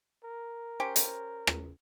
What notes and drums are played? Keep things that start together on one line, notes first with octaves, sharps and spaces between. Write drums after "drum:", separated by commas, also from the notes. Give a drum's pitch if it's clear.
A#4
C#4 G4 C5
drum: hi-hat
drum: rim click